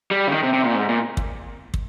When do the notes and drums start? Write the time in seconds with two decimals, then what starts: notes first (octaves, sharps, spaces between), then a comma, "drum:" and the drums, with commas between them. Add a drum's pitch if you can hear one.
0.11 G3
0.27 C#3
0.32 D#3
0.43 C3
0.53 C3
0.64 A#2
0.75 G#2
0.89 A#2
1.17 drum: kick
1.74 drum: kick